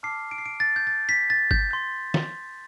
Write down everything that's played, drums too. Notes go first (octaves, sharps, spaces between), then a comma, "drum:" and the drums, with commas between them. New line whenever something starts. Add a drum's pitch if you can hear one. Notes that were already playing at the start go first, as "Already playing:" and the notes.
A5 D6 F6 C7
D7
C7
D7
A6
G6
A6
B6
A6
G6, drum: kick
C6 G6
drum: snare